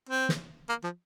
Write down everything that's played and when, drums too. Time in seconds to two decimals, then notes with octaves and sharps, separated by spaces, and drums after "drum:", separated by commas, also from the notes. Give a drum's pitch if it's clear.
0.09 C4
0.29 drum: snare
0.69 A#3
0.84 F3